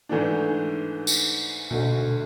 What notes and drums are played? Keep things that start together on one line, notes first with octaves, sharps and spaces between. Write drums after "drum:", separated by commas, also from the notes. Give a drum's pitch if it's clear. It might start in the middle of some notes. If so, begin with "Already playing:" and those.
G#2 E3 A3 D4
drum: tambourine
D2 B2 D3 A3